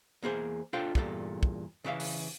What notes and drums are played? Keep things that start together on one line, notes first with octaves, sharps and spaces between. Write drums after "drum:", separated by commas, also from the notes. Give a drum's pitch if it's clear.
E2 A#3 G#4 C5
D4 F4 A4 C5 F5 G5
E2 G2 A#2 A4, drum: kick
drum: kick
C#3 E3 E5 F5
drum: open hi-hat